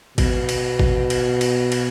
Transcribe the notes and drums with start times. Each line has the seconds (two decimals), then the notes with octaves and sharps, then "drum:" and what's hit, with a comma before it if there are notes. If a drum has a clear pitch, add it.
0.18 B2, drum: kick A1, cymbal
0.49 drum: cymbal
0.79 drum: kick A1
1.10 drum: cymbal
1.41 drum: cymbal
1.72 drum: cymbal